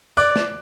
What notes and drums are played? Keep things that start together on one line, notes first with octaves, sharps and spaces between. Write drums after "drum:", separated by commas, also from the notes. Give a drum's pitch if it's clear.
D5 D6 F#6, drum: tambourine
drum: snare